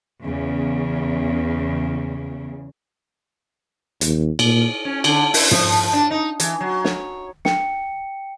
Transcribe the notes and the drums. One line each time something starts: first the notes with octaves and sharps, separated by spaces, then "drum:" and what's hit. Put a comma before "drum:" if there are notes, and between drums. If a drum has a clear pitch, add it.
E2 C#3
D#2, drum: hi-hat
A#2, drum: cymbal
C#4
D3, drum: cymbal
E4, drum: open hi-hat
F3, drum: tom
D4
D#4
E3, drum: hi-hat
F#3
C#5, drum: snare
G5 C#7, drum: snare